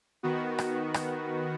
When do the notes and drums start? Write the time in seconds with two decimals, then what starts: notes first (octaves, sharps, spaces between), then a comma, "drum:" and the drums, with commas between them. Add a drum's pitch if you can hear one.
0.23 D#3 B3 F#4
0.58 drum: rim click
0.94 drum: rim click